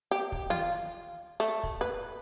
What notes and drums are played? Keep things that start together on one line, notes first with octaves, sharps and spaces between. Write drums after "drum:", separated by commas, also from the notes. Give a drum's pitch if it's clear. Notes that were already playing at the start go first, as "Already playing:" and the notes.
G4
drum: kick
F4, drum: tom
A3
drum: kick
B4